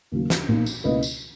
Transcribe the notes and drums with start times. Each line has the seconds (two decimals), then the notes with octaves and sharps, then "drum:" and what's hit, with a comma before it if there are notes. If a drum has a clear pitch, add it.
0.12 D#2 C#3 F#3 A#3
0.30 drum: snare
0.48 B1 A#2 A#3 D#4
0.66 drum: tambourine
0.84 C#2 B2 A#3 C#4 E4 B4 D#5
1.03 drum: tambourine